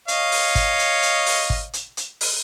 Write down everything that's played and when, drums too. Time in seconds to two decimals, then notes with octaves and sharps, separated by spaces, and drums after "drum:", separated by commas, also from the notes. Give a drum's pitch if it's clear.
0.08 C#5 D#5 F5, drum: hi-hat
0.32 drum: open hi-hat
0.55 drum: kick, hi-hat
0.79 drum: hi-hat
1.03 drum: hi-hat
1.26 drum: open hi-hat
1.50 drum: kick
1.73 drum: hi-hat
1.97 drum: hi-hat
2.21 drum: open hi-hat